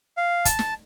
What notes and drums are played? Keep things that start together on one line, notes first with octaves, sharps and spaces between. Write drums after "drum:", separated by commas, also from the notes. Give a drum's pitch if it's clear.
F5
A5, drum: kick, hi-hat
drum: snare